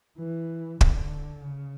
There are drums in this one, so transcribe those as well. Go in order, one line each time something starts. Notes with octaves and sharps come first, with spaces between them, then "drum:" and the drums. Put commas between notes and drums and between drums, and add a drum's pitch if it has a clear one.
E3
D3, drum: kick
C#3